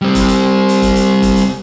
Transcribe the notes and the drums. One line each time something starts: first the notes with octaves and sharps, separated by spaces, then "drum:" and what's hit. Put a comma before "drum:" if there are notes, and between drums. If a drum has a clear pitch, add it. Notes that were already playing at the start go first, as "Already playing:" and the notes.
G3 C4
drum: kick, hi-hat
drum: hi-hat
drum: hi-hat
drum: kick, hi-hat
drum: hi-hat
drum: kick, hi-hat
drum: hi-hat